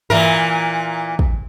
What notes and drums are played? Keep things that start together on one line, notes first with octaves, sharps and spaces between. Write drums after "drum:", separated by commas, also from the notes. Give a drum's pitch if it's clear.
A#2 E3 A#4, drum: tom G2
drum: kick